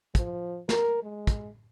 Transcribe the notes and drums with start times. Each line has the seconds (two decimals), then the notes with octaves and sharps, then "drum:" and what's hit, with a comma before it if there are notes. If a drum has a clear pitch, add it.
0.15 F3, drum: kick, hi-hat
0.69 A#4, drum: snare
1.03 G#3
1.27 drum: kick, hi-hat